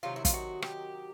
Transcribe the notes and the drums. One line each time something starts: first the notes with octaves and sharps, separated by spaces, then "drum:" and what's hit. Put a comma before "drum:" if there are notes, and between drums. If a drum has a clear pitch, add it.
C3 D#3 F#3 F4
E4
F4, drum: kick, hi-hat
F#4
G4, drum: rim click